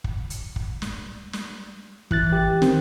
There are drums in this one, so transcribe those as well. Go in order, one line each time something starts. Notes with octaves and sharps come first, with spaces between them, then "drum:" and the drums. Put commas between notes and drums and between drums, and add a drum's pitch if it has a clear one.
drum: kick
drum: hi-hat
drum: kick
drum: snare
drum: snare
A1 E3 F#6 A6, drum: kick
G4
D#3 C4, drum: snare